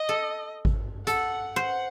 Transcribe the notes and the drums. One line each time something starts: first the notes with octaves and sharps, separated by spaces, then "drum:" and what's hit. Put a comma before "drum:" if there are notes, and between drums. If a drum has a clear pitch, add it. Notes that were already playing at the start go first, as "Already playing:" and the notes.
Already playing: D#5
A4
drum: kick G#1
A4 F#5, drum: hi-hat
C5 F#5